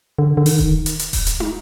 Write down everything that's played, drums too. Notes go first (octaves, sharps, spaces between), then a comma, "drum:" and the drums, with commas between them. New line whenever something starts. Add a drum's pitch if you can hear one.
D3
D3
D#3, drum: open hi-hat
drum: kick D#1
drum: hi-hat
drum: hi-hat
drum: kick D#1, open hi-hat
drum: hi-hat
drum: tom